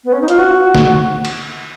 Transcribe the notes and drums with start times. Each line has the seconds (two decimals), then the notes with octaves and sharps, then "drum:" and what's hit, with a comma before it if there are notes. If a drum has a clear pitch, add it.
0.03 B3
0.12 C#4
0.20 D#4
0.28 F4, drum: hi-hat
0.38 F#4
0.75 drum: snare
1.25 drum: cymbal